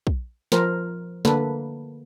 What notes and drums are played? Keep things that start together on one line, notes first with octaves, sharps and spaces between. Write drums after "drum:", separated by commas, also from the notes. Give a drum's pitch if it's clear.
drum: kick
F3 A#4 C5, drum: snare
D3 A#3 A4 B4, drum: snare